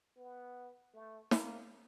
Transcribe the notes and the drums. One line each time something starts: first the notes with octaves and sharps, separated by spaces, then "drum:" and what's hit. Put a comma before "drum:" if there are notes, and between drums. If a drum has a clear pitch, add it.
B3
A3
A#3, drum: snare